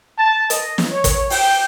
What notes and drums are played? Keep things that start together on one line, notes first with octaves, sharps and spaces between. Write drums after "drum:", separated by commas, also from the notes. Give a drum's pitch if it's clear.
A5
D#5, drum: hi-hat
drum: snare
C#5
drum: kick, hi-hat
G5, drum: open hi-hat